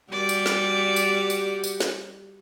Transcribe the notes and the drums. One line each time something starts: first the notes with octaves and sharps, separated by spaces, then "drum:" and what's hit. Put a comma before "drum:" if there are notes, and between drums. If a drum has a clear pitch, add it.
G3 F#4 D5
drum: tambourine
drum: snare
drum: tambourine
drum: tambourine
drum: tambourine
drum: snare